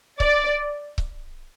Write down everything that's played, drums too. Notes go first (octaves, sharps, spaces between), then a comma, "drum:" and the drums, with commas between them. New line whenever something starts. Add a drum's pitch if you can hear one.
D5, drum: kick C#1
drum: kick C#1